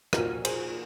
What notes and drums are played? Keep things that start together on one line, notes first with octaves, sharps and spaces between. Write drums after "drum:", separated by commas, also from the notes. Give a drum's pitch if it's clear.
A#2 F3 F#4 A#4, drum: rim click
G#4 C5, drum: cymbal